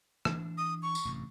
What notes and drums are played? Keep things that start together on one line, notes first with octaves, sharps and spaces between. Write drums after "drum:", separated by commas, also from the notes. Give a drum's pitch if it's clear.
E3 D4, drum: rim click
D#6
C#6
drum: tambourine
A1 G2 C3